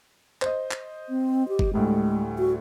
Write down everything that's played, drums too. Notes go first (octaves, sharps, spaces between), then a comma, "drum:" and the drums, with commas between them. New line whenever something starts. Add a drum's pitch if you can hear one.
C5 D#5, drum: clap
drum: clap
C4
G4
drum: kick F#1
D2 A2 G3 G#3
F#4